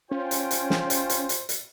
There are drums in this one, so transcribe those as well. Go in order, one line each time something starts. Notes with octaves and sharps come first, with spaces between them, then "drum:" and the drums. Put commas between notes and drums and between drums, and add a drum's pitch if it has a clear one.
C#4 F4 C5 G5 G#5
drum: hi-hat
drum: hi-hat
drum: snare
drum: hi-hat
drum: hi-hat
drum: hi-hat
drum: hi-hat